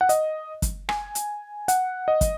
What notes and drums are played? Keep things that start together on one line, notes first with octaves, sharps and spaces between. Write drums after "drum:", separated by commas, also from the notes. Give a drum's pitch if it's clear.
F#5
D#5, drum: hi-hat
drum: kick, hi-hat
G#5, drum: rim click
drum: hi-hat
F#5, drum: hi-hat
D#5
drum: kick, hi-hat